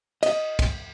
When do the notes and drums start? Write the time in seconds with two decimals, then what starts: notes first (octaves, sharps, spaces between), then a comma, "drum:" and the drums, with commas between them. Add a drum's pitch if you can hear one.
0.23 D#5, drum: cymbal
0.59 drum: kick, cymbal